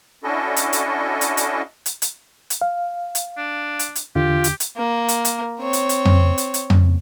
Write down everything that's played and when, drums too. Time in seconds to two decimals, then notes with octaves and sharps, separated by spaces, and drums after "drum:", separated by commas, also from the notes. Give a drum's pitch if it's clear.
0.24 C#4 D4 E4 F#4 A4 D#5
0.56 drum: hi-hat
0.73 drum: hi-hat
1.21 drum: hi-hat
1.37 drum: hi-hat
1.86 drum: hi-hat
2.02 drum: hi-hat
2.50 drum: hi-hat
2.61 F5
3.15 drum: hi-hat
3.37 D4
3.79 drum: hi-hat
3.95 drum: hi-hat
4.15 E2 D3 F4 G4
4.44 drum: hi-hat
4.60 drum: hi-hat
4.76 A#3
5.08 drum: hi-hat
5.25 drum: hi-hat
5.60 C4 C#5
5.73 drum: hi-hat
5.89 drum: hi-hat
6.05 drum: tom F2
6.38 drum: hi-hat
6.54 drum: hi-hat
6.70 drum: tom F2